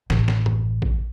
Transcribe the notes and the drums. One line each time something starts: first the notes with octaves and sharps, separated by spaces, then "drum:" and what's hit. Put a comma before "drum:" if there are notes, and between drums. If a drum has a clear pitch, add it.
A1, drum: snare
drum: snare
drum: tom F#2
drum: kick A1